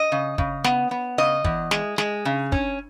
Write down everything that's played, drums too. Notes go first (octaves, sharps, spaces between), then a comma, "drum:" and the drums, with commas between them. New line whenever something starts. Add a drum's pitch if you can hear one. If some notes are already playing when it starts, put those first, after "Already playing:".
Already playing: D#5
C#3
C#3, drum: kick
B3, drum: snare
B3
C#3 D#5
E2, drum: kick
G#3, drum: snare
G#3, drum: snare
C#3
C#4, drum: kick